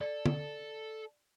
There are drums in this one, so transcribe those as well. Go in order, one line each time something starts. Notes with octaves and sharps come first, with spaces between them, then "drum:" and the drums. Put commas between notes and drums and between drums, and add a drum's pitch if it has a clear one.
A4 D5
drum: tom